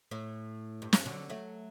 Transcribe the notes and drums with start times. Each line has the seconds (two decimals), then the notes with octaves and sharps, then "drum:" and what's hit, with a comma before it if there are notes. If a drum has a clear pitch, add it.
0.11 A2
0.82 G2
0.93 drum: snare
1.06 D3 F#3
1.30 F#3 A3